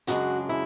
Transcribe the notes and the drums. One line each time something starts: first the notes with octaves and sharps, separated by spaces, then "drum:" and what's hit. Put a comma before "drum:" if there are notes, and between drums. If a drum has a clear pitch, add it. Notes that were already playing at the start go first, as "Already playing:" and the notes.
F#2 C#3 G#3 D4 F#4, drum: hi-hat
E4